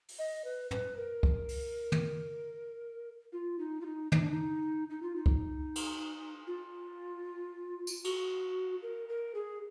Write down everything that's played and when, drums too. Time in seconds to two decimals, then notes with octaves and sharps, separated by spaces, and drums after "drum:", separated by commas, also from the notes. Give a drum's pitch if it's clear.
0.08 drum: open hi-hat
0.19 D#5
0.44 B4
0.71 B4, drum: tom
0.97 A#4
1.23 drum: kick C2
1.49 drum: open hi-hat
1.92 drum: tom
3.32 F4
3.59 D#4
3.81 F4
3.86 D#4
4.12 D#4, drum: tom
4.21 D4
4.31 D#4
4.90 D#4
5.02 F4
5.16 D#4
5.26 drum: kick C2
5.75 drum: cymbal
6.47 F4
7.87 drum: tambourine
8.04 F#4, drum: cymbal
8.82 A#4
9.09 A#4
9.35 G#4